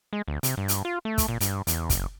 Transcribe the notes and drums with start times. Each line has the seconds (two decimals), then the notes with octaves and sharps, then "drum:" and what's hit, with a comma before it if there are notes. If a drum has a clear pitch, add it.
0.13 G#3
0.28 D2
0.43 C3, drum: hi-hat
0.57 G2
0.68 drum: hi-hat
0.85 F4
1.05 A3
1.18 drum: kick, hi-hat
1.28 A#2
1.41 G2, drum: hi-hat
1.67 E2, drum: hi-hat
1.90 F#1, drum: kick, hi-hat